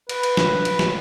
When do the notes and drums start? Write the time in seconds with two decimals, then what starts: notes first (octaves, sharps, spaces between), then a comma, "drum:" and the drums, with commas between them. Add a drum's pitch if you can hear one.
0.09 B4, drum: cymbal
0.23 drum: cymbal
0.37 drum: snare
0.65 drum: cymbal
0.79 drum: snare